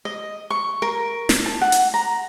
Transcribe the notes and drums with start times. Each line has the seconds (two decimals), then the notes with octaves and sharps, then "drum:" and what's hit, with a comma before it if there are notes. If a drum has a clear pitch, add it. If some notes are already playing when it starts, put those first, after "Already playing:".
0.05 D#5
0.50 C#6
0.82 A#4
1.29 drum: snare
1.46 A5
1.61 F#5
1.72 drum: hi-hat
1.94 A#5